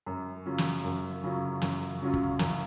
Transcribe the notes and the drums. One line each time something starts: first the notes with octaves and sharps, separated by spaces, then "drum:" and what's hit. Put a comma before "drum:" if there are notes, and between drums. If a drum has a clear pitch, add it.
F#2
C#3 F#3 C#4 F4
drum: snare
F#2
C#3 F#3 C#4 F4
F#2, drum: snare
C#3 F#3 C#4 F4
drum: kick
F#2, drum: snare